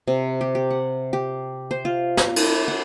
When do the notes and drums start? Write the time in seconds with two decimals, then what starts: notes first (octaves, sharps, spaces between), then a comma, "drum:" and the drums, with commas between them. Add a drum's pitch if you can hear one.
0.08 C3
0.41 G4
0.55 G4
0.71 F#5
1.13 G4
1.71 C5
1.85 F4
2.17 A#5, drum: snare
2.36 drum: cymbal
2.68 F#5